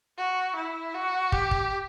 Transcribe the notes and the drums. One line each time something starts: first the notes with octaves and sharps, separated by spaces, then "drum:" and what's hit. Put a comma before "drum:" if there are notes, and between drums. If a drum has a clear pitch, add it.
F#4
E4
F#4
G4, drum: kick
drum: kick